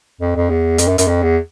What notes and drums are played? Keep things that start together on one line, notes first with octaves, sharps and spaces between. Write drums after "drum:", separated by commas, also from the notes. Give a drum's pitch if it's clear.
F2
F2
E2
F2, drum: hi-hat
F#2
F#2, drum: hi-hat
F2
E2